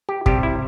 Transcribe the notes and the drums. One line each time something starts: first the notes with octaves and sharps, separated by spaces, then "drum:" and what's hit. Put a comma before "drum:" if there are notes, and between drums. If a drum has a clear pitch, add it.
G4
C3 G3 G4, drum: kick
E4